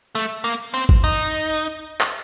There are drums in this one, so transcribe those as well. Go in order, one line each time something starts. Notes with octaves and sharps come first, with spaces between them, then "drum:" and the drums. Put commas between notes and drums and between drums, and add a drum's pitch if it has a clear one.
A3
A#3
C4
drum: kick
D#4
drum: clap